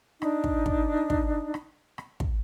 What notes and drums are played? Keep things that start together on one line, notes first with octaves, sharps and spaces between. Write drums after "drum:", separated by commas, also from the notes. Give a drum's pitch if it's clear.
D4 D#4, drum: rim click
drum: kick
drum: kick
drum: kick
drum: rim click
drum: rim click
drum: kick